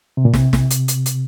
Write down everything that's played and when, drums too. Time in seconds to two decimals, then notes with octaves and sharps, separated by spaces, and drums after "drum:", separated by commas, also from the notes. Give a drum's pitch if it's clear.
0.17 C3
0.25 A#2
0.34 C3, drum: snare
0.53 drum: snare
0.70 drum: hi-hat
0.88 drum: hi-hat
1.06 drum: hi-hat